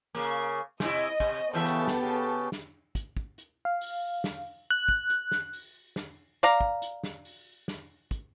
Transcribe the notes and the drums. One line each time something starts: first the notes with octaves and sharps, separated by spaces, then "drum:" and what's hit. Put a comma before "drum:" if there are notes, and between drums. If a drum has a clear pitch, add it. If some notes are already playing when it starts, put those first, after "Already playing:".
C#3 A#3
C3 E4 D#5, drum: snare
C3, drum: kick
C#3 E3 B3 G4 A4 E5
drum: hi-hat
drum: snare
C#3
drum: snare
drum: kick, hi-hat
drum: kick
drum: hi-hat
F5
drum: open hi-hat
drum: snare
F#6
drum: kick
drum: hi-hat
drum: snare
drum: open hi-hat
drum: snare
D5 F5 A#5
drum: kick
drum: hi-hat
drum: snare
drum: open hi-hat
drum: snare
drum: kick, hi-hat